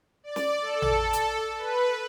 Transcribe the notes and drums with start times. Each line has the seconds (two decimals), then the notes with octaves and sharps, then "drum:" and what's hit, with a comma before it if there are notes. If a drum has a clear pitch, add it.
0.24 D5
0.36 drum: snare
0.62 A4
0.82 drum: tom A1
1.13 drum: hi-hat
1.58 B4